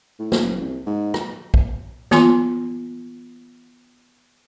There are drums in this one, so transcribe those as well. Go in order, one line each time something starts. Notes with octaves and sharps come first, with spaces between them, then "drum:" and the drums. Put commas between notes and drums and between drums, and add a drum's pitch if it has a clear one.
A2
drum: snare
F#1
C2
G#2
drum: rim click
drum: kick A#1
E3 B3 F4 G#5 C6, drum: snare